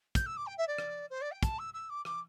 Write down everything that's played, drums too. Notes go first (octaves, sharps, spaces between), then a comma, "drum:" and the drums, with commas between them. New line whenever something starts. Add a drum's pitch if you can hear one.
G6, drum: kick, hi-hat
E6
D6
G5
E5
D5
drum: rim click
C5
D5
G5
A5, drum: kick, hi-hat
E6
E6
D6
D6, drum: rim click